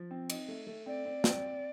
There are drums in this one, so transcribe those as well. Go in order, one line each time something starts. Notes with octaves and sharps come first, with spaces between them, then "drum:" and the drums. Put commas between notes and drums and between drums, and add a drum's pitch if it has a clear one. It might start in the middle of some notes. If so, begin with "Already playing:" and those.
Already playing: F3
C4
D#4, drum: cymbal
A3
A3
C4 D5
C4
C4, drum: snare